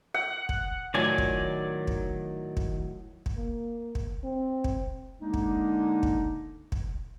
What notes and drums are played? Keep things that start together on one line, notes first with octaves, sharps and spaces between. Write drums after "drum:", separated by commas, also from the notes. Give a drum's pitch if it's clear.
F#5
drum: kick
A2 D#3 F#3 F4 D5 G#5
drum: kick
drum: kick
drum: kick
drum: kick
A#3
drum: kick
C4
drum: kick
D3 G#3 A#3 D4 D#4
drum: kick
drum: kick
drum: kick